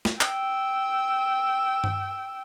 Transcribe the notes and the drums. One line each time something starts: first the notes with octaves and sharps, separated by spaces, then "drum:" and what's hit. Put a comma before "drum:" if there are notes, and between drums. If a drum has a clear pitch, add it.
drum: snare
G5 E6, drum: clap
drum: tom G2